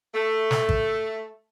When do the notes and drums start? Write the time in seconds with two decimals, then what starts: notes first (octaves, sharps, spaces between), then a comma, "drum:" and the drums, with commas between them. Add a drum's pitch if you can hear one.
0.14 A3
0.51 drum: snare
0.69 drum: kick G#1